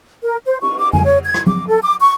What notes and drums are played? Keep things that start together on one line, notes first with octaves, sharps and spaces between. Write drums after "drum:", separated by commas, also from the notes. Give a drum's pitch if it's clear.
A#4
C5
C#6, drum: cymbal
D6
G#5, drum: tom
C#5
G#6
drum: rim click
D6, drum: tom F#3
A4
D6
C#6